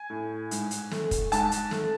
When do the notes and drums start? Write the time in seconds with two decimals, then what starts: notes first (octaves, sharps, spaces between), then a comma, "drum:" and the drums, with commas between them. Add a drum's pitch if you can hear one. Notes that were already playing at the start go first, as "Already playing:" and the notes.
Already playing: G#5
0.10 A2
0.51 G#2, drum: hi-hat
0.71 drum: hi-hat
0.91 A3, drum: snare
1.11 drum: kick, hi-hat
1.32 G#2 A5, drum: hi-hat
1.52 drum: hi-hat
1.71 A3, drum: snare